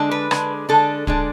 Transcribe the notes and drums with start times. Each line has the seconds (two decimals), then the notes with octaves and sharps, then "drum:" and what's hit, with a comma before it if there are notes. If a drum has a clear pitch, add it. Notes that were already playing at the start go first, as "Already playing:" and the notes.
Already playing: D3 G#3 D4
0.11 B4
0.31 D3 G#3 D4, drum: rim click
0.69 D3 G#3 D4 A4
1.07 D3 G#3 D4, drum: kick